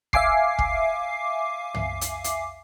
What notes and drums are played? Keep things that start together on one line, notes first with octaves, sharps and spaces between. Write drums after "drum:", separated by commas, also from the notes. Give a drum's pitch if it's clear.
E5 F5 G#5 D6 C7, drum: kick
drum: kick
drum: tom
drum: hi-hat
drum: hi-hat